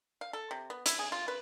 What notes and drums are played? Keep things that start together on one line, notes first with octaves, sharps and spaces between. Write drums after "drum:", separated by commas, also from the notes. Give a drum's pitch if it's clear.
F5
A4
C3
B3
E4, drum: hi-hat
G#4
F4
B4